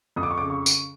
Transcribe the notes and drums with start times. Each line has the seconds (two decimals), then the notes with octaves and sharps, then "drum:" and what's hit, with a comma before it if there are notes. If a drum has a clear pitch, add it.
0.16 F2 D#6
0.23 D6
0.31 C#6
0.38 C#3 D6
0.50 C#6
0.66 drum: tambourine